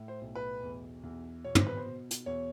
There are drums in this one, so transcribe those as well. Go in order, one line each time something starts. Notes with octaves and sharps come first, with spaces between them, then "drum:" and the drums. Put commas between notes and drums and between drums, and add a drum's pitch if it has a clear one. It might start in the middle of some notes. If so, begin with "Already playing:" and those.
Already playing: A2
C5
B1
B4
E2
E2
B2 C#5
C5, drum: tom
B4
C5
B2
drum: hi-hat
E2 C#5